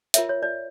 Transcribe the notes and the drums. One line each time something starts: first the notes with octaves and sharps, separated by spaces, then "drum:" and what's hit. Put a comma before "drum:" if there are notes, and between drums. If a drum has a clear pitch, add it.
F4 A#4 C#5 E5, drum: hi-hat
C#5
D5